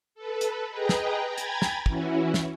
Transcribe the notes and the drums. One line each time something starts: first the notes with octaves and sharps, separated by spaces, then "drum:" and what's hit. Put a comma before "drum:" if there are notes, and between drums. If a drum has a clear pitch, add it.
A4 B4
drum: hi-hat
G#4 B4 D#5 G5 A#5
drum: snare
G5 G#5 A#5 B5 G#6 A6
drum: hi-hat
drum: snare
E3 C#4 E4 F#4, drum: kick
drum: snare